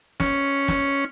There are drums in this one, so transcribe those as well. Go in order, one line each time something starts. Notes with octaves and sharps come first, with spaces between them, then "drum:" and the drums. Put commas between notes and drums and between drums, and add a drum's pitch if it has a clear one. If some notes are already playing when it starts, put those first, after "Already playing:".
C#4, drum: snare
drum: snare